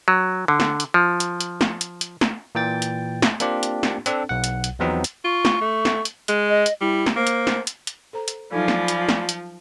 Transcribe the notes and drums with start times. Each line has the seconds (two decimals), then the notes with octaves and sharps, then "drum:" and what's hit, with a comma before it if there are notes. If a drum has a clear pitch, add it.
0.08 F#3
0.48 D3
0.60 drum: snare
0.80 drum: hi-hat
0.94 F3
1.20 drum: hi-hat
1.41 drum: hi-hat
1.61 drum: snare
1.81 drum: hi-hat
2.01 drum: hi-hat
2.21 drum: snare
2.55 A#2 E3 G5 A6
2.82 drum: hi-hat
3.22 drum: snare
3.40 A#3 C4 D4 F4 G4, drum: hi-hat
3.63 drum: hi-hat
3.83 drum: snare
4.06 C4 D4 A4, drum: hi-hat
4.29 B1 F#5
4.44 drum: hi-hat
4.64 drum: hi-hat
4.79 E2 F3 F#3 B3 C4 D#4
5.04 drum: hi-hat
5.25 F4 C#6
5.45 drum: snare
5.61 A3
5.85 drum: snare
6.05 drum: hi-hat
6.28 G#3, drum: hi-hat
6.49 D#5
6.66 drum: hi-hat
6.81 G3 E4
7.06 drum: snare
7.16 A#3 C5
7.27 drum: hi-hat
7.47 drum: snare
7.67 drum: hi-hat
7.87 drum: hi-hat
8.13 A4 C5 A#5
8.28 drum: hi-hat
8.52 F3 F#3 D#4 A4 D5 F5 G#5 B5
8.68 drum: snare
8.88 drum: hi-hat
9.09 drum: snare
9.19 A5
9.29 drum: hi-hat